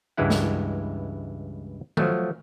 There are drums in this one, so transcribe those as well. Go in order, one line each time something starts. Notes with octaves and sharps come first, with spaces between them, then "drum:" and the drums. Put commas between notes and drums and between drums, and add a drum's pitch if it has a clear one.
C#2 G2 E3 G#3 E4 F#5
drum: snare
F3 F#3 A3, drum: tom